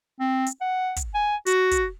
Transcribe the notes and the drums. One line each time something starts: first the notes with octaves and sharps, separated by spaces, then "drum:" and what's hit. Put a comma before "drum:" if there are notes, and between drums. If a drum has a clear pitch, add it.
C4
drum: hi-hat
F#5
drum: kick, hi-hat
G#5
F#4, drum: hi-hat
drum: kick, hi-hat